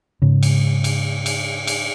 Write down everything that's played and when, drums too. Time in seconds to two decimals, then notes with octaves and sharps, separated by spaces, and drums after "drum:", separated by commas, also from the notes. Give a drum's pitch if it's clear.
0.22 G#2 C#3
0.43 drum: cymbal
0.84 drum: cymbal
1.26 drum: cymbal
1.67 drum: cymbal